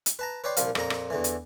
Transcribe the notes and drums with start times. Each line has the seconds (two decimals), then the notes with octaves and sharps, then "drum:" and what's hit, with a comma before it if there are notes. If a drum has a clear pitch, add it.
0.06 drum: hi-hat
0.19 B4 A5 A#5
0.44 B4 C#5 D5 G5 C6
0.57 C2 A#2 F3 F5, drum: hi-hat
0.75 F2 A#2 A#5, drum: rim click
0.90 drum: rim click
1.10 E2 D3 E3
1.24 drum: hi-hat